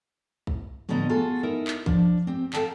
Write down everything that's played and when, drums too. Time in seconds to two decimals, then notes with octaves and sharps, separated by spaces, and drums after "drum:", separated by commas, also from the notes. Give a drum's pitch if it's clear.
0.47 drum: kick A#1
0.89 A2 D3 G3 B3 D#5 A#5
1.10 F4 F#4 G#4 A4
1.43 D#4 E4 A#4
1.67 drum: clap
1.86 F3 D4, drum: kick A#1
2.27 C4 G4
2.53 A4 F5 G5 A5 A#5, drum: clap